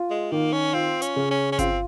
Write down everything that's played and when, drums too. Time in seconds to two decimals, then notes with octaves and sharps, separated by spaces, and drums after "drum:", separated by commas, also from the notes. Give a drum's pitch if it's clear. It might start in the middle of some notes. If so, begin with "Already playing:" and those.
Already playing: F4
0.11 G#3
0.31 D#3 A#3
0.53 C#4
0.73 C4 F4
1.02 C#4, drum: hi-hat
1.16 C#3
1.31 C#4
1.52 C#4
1.59 C4 F4, drum: kick G1, hi-hat